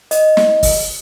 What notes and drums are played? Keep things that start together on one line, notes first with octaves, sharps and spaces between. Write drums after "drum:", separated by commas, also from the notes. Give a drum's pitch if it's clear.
D#5, drum: hi-hat
drum: snare
drum: kick, open hi-hat